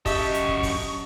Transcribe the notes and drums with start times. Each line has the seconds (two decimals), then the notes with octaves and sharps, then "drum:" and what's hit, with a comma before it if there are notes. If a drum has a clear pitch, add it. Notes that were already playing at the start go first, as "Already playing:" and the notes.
0.06 F#2 G4 D#5 E5 A5 C#6, drum: kick, open hi-hat
0.34 drum: hi-hat
0.49 drum: kick
0.63 drum: kick, open hi-hat